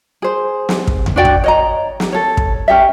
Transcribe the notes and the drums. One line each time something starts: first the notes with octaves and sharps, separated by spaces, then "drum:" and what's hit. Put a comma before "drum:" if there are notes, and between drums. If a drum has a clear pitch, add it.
G#4 C5
drum: snare
drum: kick
drum: tom E2
D4 F#4 D5 G5
drum: kick
C#5 D#5 A#5
drum: snare
A4 C#5
drum: kick
C#4 G4 E5